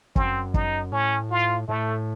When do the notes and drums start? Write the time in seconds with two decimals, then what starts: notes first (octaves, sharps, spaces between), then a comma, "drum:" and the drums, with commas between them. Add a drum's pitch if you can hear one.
0.16 F#2 C4, drum: kick
0.54 D#4, drum: kick
0.92 A2 C#4
1.30 F4
1.68 A2 A3